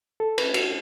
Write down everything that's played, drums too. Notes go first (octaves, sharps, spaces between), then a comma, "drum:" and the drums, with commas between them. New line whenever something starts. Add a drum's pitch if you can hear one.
A4
B4, drum: cymbal
F#4, drum: cymbal